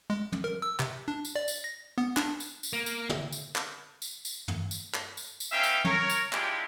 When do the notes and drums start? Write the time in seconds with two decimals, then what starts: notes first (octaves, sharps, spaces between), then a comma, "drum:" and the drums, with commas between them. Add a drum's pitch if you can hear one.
0.10 G#3
0.32 drum: tom
0.44 A#4
0.62 E6
0.80 C3, drum: clap
1.08 D4
1.25 drum: tambourine
1.36 D5
1.48 drum: tambourine
1.64 A#6
1.98 B3
2.17 D4, drum: clap
2.40 drum: tambourine
2.63 drum: tambourine
2.73 A#3
2.86 drum: tambourine
3.09 drum: tom
3.32 drum: tambourine
3.56 drum: clap
4.02 drum: tambourine
4.25 drum: tambourine
4.48 drum: tom
4.71 drum: tambourine
4.94 drum: clap
5.17 drum: tambourine
5.40 drum: tambourine
5.52 B3 C#4 D#4 E5 F5 G5
5.63 drum: tambourine
5.85 A#4 C#5, drum: tom
6.10 drum: tambourine
6.33 G#3 D4 E4 F4 G4, drum: clap